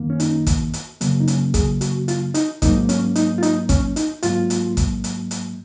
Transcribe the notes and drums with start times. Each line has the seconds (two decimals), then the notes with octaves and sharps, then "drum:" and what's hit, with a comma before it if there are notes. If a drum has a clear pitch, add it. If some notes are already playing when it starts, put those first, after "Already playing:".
Already playing: F#2 D#3 A#3
0.10 C#4
0.20 D#4, drum: hi-hat
0.47 drum: kick A1, hi-hat
0.73 drum: hi-hat
1.01 F#2 C#3 F#3 A#3, drum: hi-hat
1.21 D#4
1.28 C#4, drum: hi-hat
1.54 G#4, drum: kick A1, hi-hat
1.81 F#4, drum: hi-hat
2.08 F4, drum: hi-hat
2.34 D#4, drum: hi-hat
2.62 G#2 F#3 A#3 D#4, drum: kick A1, hi-hat
2.89 C#4, drum: hi-hat
3.15 D#4, drum: hi-hat
3.38 F4
3.43 D#4, drum: hi-hat
3.69 C#4, drum: kick A1, hi-hat
3.96 D#4, drum: hi-hat
4.23 G#2 F#3 A#3 F4, drum: hi-hat
4.50 drum: hi-hat
4.77 drum: kick A1, hi-hat
5.04 drum: hi-hat
5.31 drum: hi-hat